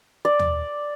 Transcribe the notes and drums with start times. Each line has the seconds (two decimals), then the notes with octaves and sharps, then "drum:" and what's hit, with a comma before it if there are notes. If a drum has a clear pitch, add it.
0.25 D5
0.39 drum: tom